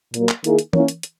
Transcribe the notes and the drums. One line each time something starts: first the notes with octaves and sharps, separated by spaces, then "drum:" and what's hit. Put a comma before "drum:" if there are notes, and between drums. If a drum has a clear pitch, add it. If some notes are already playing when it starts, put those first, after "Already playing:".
A#2 F#3 A#3, drum: hi-hat
drum: clap
D#3 A#3 E4 G#4, drum: hi-hat
drum: hi-hat
A#3 C#4 E4 A#4 C#5, drum: tom E3
drum: hi-hat
drum: hi-hat